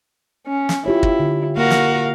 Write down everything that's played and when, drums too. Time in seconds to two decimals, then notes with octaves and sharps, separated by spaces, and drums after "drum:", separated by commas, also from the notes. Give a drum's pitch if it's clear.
0.47 C#4
0.69 drum: snare
0.86 E4 F4 G4 C#5
1.03 drum: kick
1.20 D3
1.57 A#3 F#4 A#4 F5
1.70 drum: snare